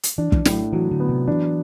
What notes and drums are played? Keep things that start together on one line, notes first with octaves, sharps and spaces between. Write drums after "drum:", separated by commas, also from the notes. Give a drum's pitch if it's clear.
drum: hi-hat
E3 D4
E3, drum: kick
A2 F#3, drum: snare
E3 F#3
D3
B3
C3
E3 D4